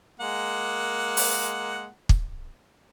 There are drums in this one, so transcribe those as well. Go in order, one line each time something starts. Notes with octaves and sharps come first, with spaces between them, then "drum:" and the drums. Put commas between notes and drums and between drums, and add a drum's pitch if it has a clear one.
G#3 A#3 F#5
drum: open hi-hat
drum: kick